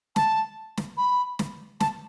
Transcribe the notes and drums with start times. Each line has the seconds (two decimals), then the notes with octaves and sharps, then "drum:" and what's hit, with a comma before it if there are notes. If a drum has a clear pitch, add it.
0.16 A5, drum: snare
0.77 drum: snare
0.97 B5
1.39 drum: snare
1.80 A5, drum: snare